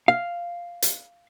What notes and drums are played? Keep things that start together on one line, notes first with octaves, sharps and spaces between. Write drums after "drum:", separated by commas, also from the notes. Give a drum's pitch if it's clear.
F5
drum: hi-hat